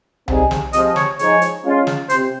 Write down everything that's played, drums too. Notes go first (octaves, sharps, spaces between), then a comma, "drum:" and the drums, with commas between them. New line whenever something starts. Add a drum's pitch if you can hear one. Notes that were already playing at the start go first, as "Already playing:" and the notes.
G3 C4 D#4 G#4, drum: tom C2
drum: snare
C3 F3 G#3 D#5, drum: hi-hat
C#5, drum: snare
F3 G#3 D#4 G#4 C#5, drum: hi-hat
drum: hi-hat
G#3 C#4 F4
drum: snare
C3 C5, drum: hi-hat